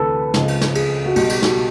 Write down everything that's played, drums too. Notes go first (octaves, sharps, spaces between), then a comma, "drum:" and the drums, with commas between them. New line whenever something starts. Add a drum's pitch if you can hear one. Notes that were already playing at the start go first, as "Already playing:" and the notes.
Already playing: D2 C3 E3 A3 A4 B4
C#2 C#3 F3 G#3 C4, drum: snare
drum: cymbal
drum: snare
G#4, drum: cymbal
F#4
B1 B2 G3 G4, drum: cymbal
G4, drum: cymbal
F#4, drum: snare